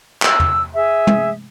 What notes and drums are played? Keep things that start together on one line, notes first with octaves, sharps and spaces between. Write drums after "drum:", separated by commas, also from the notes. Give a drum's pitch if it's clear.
E6, drum: clap
drum: tom E2
G#4 E5
drum: tom